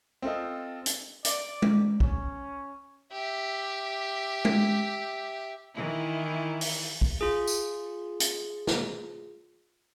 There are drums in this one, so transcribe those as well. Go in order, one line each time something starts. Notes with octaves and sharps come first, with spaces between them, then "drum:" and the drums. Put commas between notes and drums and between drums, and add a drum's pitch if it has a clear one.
C4 F4 A4 D#5
drum: hi-hat
D5, drum: hi-hat
drum: tom G#3
C#4, drum: kick
G4 E5
drum: tom G#3
D#3 E3 E4
drum: open hi-hat
drum: kick
F4 G#4
drum: tambourine
drum: hi-hat
drum: snare